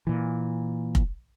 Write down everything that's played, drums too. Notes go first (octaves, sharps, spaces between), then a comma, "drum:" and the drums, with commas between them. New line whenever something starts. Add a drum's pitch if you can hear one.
A#2 E3
drum: kick F1